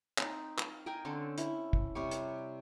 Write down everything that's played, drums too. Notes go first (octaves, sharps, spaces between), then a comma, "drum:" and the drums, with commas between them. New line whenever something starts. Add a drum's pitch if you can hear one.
C4 D#4, drum: clap
F5, drum: clap
A#4 D#5 G5 G#5
D3 C4 C#4 A4
E4, drum: hi-hat
drum: kick
C3 G3 C#5
drum: hi-hat